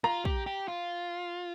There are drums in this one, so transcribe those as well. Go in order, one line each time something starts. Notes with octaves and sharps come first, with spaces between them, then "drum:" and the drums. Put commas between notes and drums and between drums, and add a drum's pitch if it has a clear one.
F4 A#5, drum: rim click
G4, drum: kick
G4
F4